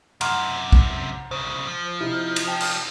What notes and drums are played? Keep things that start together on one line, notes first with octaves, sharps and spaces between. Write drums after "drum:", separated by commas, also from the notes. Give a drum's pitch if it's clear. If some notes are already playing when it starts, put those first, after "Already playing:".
F#2 C3 F#5 A#5 C6 F6, drum: cymbal
drum: kick B1
C2 C#3 C5
F3
C3 D#4 E4
drum: cymbal
G5 A5
drum: cymbal